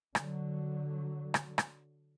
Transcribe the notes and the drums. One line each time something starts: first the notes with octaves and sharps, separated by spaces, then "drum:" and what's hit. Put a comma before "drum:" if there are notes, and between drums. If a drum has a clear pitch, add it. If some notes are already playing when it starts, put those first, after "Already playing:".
D3 F#3, drum: rim click
drum: rim click
drum: rim click